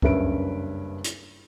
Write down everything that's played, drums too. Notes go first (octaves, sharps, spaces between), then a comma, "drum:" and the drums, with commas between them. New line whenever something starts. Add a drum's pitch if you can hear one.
F#1 G2 C#4 B4 E5 D7, drum: kick C#2
drum: hi-hat